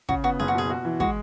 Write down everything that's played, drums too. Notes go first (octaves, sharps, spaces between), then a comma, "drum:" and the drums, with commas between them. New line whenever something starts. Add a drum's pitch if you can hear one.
C#3 F#4, drum: kick
B3 F#4
F#1 G#4
F#4
B2 G#4
F#4
E3
G#3 F#4, drum: kick